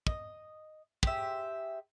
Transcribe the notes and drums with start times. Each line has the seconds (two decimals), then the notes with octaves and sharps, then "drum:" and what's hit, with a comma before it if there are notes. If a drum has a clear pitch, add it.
0.07 D#5, drum: kick
1.03 G4 G#4 C5 E5, drum: kick